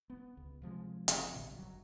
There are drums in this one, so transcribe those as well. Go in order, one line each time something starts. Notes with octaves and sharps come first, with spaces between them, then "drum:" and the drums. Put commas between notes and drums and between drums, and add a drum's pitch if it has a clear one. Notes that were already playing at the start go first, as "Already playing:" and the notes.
B3
C#2
C3 F3 G3 G#3
F#1 C#3 F3 C4, drum: hi-hat
A#1 B2 D3 G3
F#1 F#3